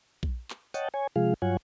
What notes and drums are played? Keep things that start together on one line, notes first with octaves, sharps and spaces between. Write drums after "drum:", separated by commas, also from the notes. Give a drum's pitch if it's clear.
drum: kick A#1
drum: clap
C#5 D#5 F#5 G5 A5, drum: tambourine
C#5 G#5
C3 F3 G#3 F4 G#4 F5
G2 F#3 F4 C#5 F#5 G#5